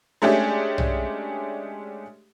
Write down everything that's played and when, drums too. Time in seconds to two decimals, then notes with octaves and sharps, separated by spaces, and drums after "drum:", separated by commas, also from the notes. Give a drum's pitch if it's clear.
0.22 G#3 A3 C#4 D4 G4 G#4
0.78 drum: tom